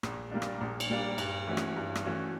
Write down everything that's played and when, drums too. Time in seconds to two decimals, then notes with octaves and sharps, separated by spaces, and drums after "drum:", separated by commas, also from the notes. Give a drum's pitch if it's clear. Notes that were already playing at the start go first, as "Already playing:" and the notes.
0.03 A#1, drum: rim click
0.32 A#2 G3 A#3 D4
0.42 drum: rim click
0.61 A#1
0.80 drum: cymbal
0.90 A#2 G3 A#3 D4
1.18 G2, drum: cymbal
1.47 E3 A3 C#4 F#4
1.57 drum: rim click
1.76 G2
1.95 drum: rim click
2.05 E3 A3 C#4 F#4